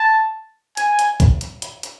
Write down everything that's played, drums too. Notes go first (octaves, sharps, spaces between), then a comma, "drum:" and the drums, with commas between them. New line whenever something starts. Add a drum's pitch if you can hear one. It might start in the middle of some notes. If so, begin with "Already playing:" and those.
Already playing: A5
G#5, drum: hi-hat
drum: hi-hat
drum: kick, hi-hat
drum: hi-hat
drum: hi-hat
drum: hi-hat